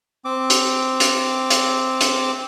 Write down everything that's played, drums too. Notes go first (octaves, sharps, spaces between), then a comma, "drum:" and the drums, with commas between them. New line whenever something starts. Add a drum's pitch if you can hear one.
C4 D6
drum: hi-hat
drum: hi-hat
drum: hi-hat
drum: hi-hat